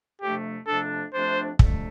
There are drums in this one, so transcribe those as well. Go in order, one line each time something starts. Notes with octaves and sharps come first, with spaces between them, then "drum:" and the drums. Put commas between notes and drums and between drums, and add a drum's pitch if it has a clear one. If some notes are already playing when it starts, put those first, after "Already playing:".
F2 C3 F3 A3 D4 G4
F2 C3 F3 A3 D4 A4
F2 C3 F3 A3 D4 C5
F2 C3 F3 A3 D4, drum: kick